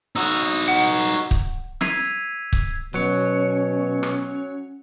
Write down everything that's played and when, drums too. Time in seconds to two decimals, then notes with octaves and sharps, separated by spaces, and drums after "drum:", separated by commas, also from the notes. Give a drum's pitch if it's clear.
0.16 D#4 F#4 E6
0.68 F#5
1.31 drum: kick
1.81 E6 G#6 B6 C7 D#7 F7, drum: snare
2.53 drum: kick
2.94 B2 F#3 C#4 C#5
4.03 drum: rim click